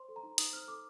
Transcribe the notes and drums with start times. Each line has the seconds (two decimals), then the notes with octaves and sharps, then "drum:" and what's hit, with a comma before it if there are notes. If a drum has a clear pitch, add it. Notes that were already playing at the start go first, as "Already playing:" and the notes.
Already playing: C5 C6
0.09 A4
0.16 A#5
0.23 D#4
0.38 D#4 D#6, drum: hi-hat
0.53 C5 F6
0.68 A4 D6